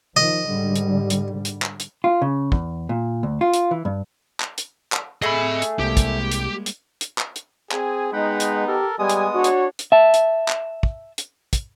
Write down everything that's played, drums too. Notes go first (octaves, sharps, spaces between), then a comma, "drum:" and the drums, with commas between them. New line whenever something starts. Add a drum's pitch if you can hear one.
D#3 F3 D#5
G#2 D3 G3
drum: hi-hat
drum: hi-hat
drum: hi-hat
drum: clap
drum: hi-hat
F4
C#3
E2, drum: kick
A#2
D2
F4
drum: hi-hat
E3
G2
drum: clap
drum: hi-hat
drum: clap
A3 G#4 D#5 B5
drum: hi-hat
C2 G3 G#3 A#3 G4
drum: kick, hi-hat
drum: hi-hat
drum: hi-hat
drum: hi-hat
drum: clap
drum: hi-hat
C4 G#4 G#5, drum: clap
G#3 B3 D#4 F#5 G5 B5
drum: hi-hat
G4 A4 A#4
G3 G#3 B3 G#5 D#6
drum: hi-hat
D4 F#4 C#5
drum: hi-hat
drum: hi-hat
E5 A5
drum: hi-hat
drum: clap
drum: kick
drum: hi-hat
drum: kick, hi-hat